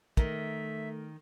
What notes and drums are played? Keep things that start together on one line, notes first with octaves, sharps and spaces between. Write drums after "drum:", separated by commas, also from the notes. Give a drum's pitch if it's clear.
D#3 A3 A#4 E5, drum: kick